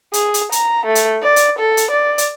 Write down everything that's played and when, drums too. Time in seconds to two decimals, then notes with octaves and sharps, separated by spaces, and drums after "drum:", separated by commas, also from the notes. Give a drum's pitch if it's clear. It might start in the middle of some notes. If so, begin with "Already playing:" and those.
0.13 G#4, drum: hi-hat
0.34 drum: hi-hat
0.52 A#5, drum: hi-hat
0.86 A3
0.95 drum: hi-hat
1.23 D5
1.36 drum: hi-hat
1.59 A4
1.77 drum: hi-hat
1.91 D5
2.18 drum: hi-hat